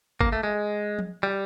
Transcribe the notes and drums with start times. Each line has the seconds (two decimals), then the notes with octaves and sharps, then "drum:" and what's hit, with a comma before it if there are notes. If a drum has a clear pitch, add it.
0.21 A#3, drum: kick
0.33 A3
0.43 G#3
0.99 drum: tom F3
1.23 G3